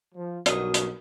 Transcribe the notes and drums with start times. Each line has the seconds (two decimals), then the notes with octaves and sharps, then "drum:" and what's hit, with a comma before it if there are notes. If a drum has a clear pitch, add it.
0.15 F3
0.46 B1 G2 B2 F#4 A#4 D#6, drum: hi-hat
0.74 drum: hi-hat